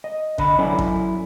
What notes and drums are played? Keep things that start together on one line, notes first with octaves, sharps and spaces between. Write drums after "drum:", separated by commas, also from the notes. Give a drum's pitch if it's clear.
D#5
D3 D#5 B5, drum: kick G#1
F#3 C#4 E4 A4 D5
drum: kick G#1